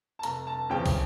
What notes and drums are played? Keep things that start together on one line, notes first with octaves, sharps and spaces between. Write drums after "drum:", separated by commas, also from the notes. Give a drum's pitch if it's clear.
A5
F1 A#5, drum: hi-hat
A5
E2 C#3 F3 C#4 G5
drum: kick, open hi-hat